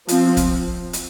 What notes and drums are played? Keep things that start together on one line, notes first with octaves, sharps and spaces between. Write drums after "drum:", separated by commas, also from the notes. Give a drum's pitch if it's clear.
F3 C4, drum: hi-hat
drum: kick, hi-hat
drum: hi-hat